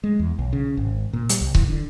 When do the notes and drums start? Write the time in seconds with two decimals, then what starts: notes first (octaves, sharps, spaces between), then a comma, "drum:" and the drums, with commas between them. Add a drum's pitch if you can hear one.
0.04 G#3
0.19 E2
0.39 B1
0.53 C#3
0.77 G#1
1.13 A#2
1.29 G3, drum: hi-hat
1.41 C2
1.55 E3, drum: kick C#1
1.68 D3